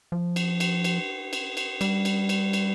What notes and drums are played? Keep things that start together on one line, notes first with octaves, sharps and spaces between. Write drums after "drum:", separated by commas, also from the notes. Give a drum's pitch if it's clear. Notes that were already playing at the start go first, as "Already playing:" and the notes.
F3
drum: cymbal
drum: cymbal
drum: cymbal
drum: cymbal
drum: cymbal
G3, drum: cymbal
drum: cymbal
drum: cymbal
drum: cymbal